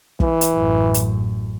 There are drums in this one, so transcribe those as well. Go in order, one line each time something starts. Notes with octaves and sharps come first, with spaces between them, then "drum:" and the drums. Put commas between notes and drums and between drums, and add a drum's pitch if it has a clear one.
E3, drum: kick
drum: hi-hat
A1 F#2
drum: hi-hat